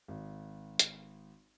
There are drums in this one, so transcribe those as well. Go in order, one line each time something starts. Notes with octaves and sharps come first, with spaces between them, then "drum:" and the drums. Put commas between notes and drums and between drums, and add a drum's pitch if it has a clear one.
G#1
drum: hi-hat